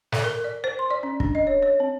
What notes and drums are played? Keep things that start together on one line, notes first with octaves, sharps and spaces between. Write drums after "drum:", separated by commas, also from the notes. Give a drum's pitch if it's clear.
A4, drum: snare
A#4
D5
C5
C6
D5
C#4
D4, drum: kick
D#5
C#5
C#5
C4